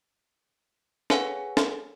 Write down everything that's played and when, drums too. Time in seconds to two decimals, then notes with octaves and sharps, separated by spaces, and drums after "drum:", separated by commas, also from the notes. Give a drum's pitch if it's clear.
1.10 G#4 B4 C#5 F5 F#5 G#5, drum: snare
1.57 drum: snare